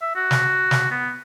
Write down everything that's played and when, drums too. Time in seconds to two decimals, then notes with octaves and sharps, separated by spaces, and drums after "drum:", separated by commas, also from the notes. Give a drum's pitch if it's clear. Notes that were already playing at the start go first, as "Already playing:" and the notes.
0.02 E5
0.16 F#4
0.31 drum: snare
0.71 drum: snare
0.91 B3